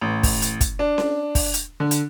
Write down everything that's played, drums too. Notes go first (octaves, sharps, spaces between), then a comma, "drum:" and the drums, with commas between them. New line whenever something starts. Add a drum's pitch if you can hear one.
A1
drum: kick, open hi-hat
drum: hi-hat
drum: kick, hi-hat
D4
drum: snare C#4
drum: kick, open hi-hat
drum: hi-hat
D3
drum: hi-hat